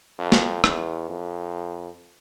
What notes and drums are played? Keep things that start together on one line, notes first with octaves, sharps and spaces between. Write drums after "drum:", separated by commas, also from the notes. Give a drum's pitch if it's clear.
F2
drum: snare
E2, drum: rim click
F2